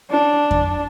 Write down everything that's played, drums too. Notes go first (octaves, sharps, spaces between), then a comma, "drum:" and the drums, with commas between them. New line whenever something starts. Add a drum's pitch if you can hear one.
D4
drum: kick F2